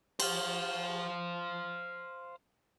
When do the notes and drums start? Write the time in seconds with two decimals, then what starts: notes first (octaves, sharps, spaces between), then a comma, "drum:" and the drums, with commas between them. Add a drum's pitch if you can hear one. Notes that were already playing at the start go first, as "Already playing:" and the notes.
0.20 C5 F5, drum: cymbal